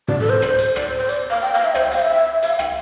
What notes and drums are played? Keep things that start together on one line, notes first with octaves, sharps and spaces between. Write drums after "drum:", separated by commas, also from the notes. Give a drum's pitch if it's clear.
D5, drum: tom
A4
C5
drum: rim click
drum: hi-hat
D5, drum: rim click
C5
C5
D5, drum: hi-hat
F5
G5
F5
E5
C5, drum: rim click
G5
F5, drum: hi-hat
E5
E5, drum: hi-hat
F5
G5, drum: rim click